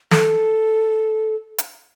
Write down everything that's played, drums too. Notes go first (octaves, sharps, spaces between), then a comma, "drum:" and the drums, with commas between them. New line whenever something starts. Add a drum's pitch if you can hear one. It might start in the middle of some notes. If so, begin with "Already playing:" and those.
A4, drum: snare
drum: hi-hat